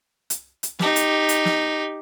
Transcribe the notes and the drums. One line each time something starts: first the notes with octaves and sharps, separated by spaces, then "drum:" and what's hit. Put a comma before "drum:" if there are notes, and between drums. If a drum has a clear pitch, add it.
drum: hi-hat
drum: hi-hat
D#4 G4, drum: snare
drum: hi-hat
drum: hi-hat
drum: snare